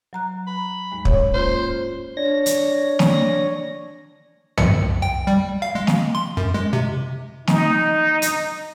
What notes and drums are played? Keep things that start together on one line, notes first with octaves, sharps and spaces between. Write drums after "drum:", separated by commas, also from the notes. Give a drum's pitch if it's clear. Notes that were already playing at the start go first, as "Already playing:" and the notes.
F#3 A#5 F#6
B5
D#2 G#2 G#3
C#4 C#5, drum: kick
A#3 F4 C5
D4 C#5 A#6
drum: hi-hat
drum: snare
C#7, drum: tom
G5
G3
F5
G#3
drum: snare
C6
F#2
G#3
C3
D#4, drum: snare
drum: hi-hat